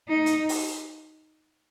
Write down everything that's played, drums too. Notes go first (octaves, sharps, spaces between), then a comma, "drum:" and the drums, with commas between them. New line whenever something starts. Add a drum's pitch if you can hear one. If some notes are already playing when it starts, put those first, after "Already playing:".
D#4
drum: hi-hat
drum: open hi-hat